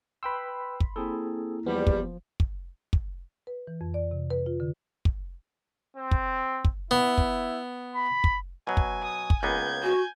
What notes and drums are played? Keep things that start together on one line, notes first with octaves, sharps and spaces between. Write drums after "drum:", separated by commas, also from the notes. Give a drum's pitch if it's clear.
B4 G5 B5 C6 E6
drum: kick
A#3 C4 E4 G#4 A4
E2 F3 G3 B3
drum: kick
drum: kick
drum: kick
B4
E3
F2
D5
C3
B4
F4
D3
drum: kick
C4
drum: kick
drum: kick
B3 E4
drum: kick
B5
drum: kick
B2 F#3 G#5
drum: kick
D#6
drum: kick
C#2 A#3 B3 G6 G#6
F#4 G#5